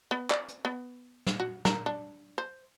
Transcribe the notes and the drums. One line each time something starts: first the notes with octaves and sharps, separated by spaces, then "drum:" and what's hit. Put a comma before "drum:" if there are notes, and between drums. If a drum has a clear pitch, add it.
B3
D5, drum: clap
drum: hi-hat
B3
drum: snare
F#4
A#4, drum: snare
D4
C5